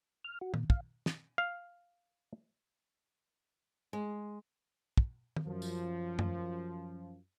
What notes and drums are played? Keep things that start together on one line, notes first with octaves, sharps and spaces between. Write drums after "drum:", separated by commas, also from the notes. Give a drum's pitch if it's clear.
F6
F#4
A#2, drum: tom
F5, drum: kick
drum: snare
F5
G#3
drum: kick
drum: tom
F#2 F3
drum: tambourine
drum: tom F#2